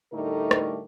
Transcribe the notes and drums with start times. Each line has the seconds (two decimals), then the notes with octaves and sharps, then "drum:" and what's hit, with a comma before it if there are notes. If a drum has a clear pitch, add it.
0.13 A2 D3 G3 A3 D#4 A#4
0.51 drum: rim click